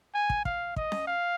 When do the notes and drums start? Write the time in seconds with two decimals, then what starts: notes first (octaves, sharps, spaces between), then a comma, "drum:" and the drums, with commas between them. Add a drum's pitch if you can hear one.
0.15 G#5
0.30 drum: kick
0.45 F5, drum: kick
0.76 D#5, drum: kick
0.92 drum: snare C#4
1.07 F5